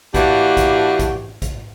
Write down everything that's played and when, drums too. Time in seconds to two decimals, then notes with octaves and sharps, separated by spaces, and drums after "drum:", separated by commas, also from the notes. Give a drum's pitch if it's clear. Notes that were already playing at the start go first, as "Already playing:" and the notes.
0.14 E3 A#3 D4 F#4 G4, drum: kick A#1, hi-hat
0.57 drum: kick A#1, hi-hat
0.99 drum: kick A#1, hi-hat
1.42 drum: kick A#1, hi-hat